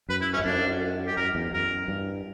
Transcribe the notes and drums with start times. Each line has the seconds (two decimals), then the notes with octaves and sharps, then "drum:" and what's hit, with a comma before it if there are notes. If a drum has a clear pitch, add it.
0.09 F#2 B4
0.21 E4
0.33 C#4, drum: cymbal
0.40 G2
0.45 F#2 D4
1.07 G4
1.17 F#2 A#4
1.35 E2
1.53 F#2 A#4
1.88 G2